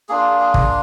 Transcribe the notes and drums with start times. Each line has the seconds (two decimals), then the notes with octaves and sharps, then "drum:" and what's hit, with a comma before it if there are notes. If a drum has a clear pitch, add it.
0.09 A#3 D4 F4 G#4
0.39 G#4
0.54 drum: kick